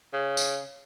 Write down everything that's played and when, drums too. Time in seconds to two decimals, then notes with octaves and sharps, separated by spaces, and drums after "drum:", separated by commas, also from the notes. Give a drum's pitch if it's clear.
0.13 C#3
0.37 drum: tambourine